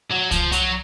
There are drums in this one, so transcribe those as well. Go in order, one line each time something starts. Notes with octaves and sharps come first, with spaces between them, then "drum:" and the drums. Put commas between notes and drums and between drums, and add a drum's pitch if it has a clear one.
F#3
F3, drum: kick C2, hi-hat
F#3, drum: hi-hat